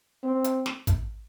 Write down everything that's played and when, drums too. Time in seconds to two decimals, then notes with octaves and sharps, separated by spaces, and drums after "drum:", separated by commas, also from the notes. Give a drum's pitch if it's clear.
0.23 C4
0.44 drum: hi-hat
0.66 drum: snare
0.87 drum: kick, hi-hat